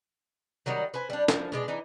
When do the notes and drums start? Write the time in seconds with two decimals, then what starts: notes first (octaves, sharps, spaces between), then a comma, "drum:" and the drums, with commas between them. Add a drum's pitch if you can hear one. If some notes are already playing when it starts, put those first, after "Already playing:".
0.66 D#3 F#3 G3 D#4
0.94 B4 C5 G#5
1.10 G3 D4
1.28 F3, drum: snare
1.52 B2 G#3 D4
1.68 E3 D#4